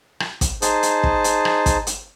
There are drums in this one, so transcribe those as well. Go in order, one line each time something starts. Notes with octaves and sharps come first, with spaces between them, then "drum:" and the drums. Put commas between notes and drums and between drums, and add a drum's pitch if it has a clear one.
drum: rim click
drum: kick, hi-hat
D#4 G#4 C5 A5, drum: hi-hat
drum: hi-hat
drum: kick
drum: hi-hat
drum: rim click
drum: kick, hi-hat
drum: hi-hat